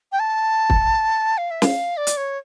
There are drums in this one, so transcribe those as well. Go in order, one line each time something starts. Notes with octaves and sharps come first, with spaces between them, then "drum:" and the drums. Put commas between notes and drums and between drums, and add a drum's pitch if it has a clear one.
G5
A5
drum: kick
F5
E5
F5, drum: snare
D5
drum: hi-hat
C#5